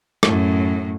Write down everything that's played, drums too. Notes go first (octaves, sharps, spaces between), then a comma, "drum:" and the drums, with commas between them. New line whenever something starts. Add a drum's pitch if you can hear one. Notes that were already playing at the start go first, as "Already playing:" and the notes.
F#2 A2, drum: rim click